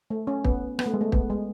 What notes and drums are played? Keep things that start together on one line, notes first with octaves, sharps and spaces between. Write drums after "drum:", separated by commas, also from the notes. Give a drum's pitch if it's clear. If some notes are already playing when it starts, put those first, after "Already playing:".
A3
C#4
B3, drum: kick
B3, drum: rim click
A3
G#3
A3
B3, drum: kick
G#3